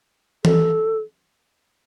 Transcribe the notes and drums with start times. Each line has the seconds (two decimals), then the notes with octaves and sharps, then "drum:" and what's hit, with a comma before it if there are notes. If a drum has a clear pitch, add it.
0.45 A4, drum: tom E3